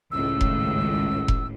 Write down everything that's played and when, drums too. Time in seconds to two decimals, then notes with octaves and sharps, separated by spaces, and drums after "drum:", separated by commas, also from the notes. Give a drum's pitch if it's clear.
0.11 G#1 C#2 A2 E6
0.41 drum: kick F1
1.28 drum: kick F1